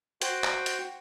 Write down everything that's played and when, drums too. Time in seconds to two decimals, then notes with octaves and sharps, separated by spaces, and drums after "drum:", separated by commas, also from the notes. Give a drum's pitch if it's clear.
0.22 F#4 C5 F#5 G5, drum: hi-hat
0.44 drum: clap
0.66 drum: hi-hat